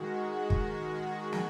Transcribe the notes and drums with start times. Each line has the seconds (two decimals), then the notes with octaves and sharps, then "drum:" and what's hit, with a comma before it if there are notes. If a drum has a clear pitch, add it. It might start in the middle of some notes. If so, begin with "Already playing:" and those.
Already playing: D#3 G#3 F#4
0.50 drum: kick
1.33 drum: snare